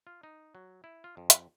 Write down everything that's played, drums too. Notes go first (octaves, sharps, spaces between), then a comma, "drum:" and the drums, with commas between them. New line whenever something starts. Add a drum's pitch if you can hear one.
F4
D#4
F#3
E4
F4
F2
drum: hi-hat